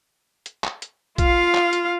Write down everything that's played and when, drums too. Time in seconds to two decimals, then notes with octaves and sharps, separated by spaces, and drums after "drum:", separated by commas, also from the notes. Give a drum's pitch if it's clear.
0.46 drum: hi-hat
0.64 drum: clap
0.82 drum: hi-hat
1.18 F4 F5, drum: kick A#1, hi-hat
1.55 drum: clap
1.73 drum: hi-hat